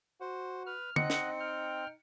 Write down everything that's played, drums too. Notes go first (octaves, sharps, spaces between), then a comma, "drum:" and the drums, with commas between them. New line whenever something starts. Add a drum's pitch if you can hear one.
F#4 C5
B4 F6
C4 D#4 D#5 F#5 C#7, drum: tom
drum: snare
G5 F6